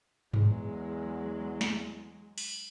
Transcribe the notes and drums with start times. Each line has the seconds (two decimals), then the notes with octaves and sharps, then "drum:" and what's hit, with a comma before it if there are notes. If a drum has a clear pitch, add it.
0.34 E2 F#3 G#3, drum: tom G2
1.61 drum: snare
2.38 drum: open hi-hat